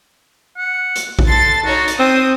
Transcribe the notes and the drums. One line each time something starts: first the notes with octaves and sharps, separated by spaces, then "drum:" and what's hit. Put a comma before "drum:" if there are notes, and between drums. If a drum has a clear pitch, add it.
F#5
drum: hi-hat
drum: kick A#1
A4 C6 A6
D#4 F#4 C#5
drum: hi-hat
C4 C5 D#6